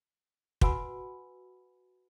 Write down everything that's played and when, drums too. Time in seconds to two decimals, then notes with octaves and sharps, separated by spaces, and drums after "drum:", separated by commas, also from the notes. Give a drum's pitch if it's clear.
0.61 F#4 B4 F#5 G#5 B5 E6, drum: kick